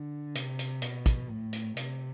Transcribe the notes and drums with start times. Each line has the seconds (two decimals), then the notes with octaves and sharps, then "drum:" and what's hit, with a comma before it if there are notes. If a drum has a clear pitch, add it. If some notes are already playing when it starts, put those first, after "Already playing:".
Already playing: D3
0.35 C3, drum: hi-hat
0.59 drum: hi-hat
0.82 B2, drum: hi-hat
1.06 drum: kick, hi-hat
1.30 A2
1.53 drum: hi-hat
1.77 C3, drum: hi-hat